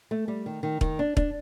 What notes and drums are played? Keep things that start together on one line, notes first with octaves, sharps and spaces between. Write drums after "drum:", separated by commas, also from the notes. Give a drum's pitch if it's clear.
A3
G3
D#3
D#3
D#3, drum: kick
D4
D4, drum: kick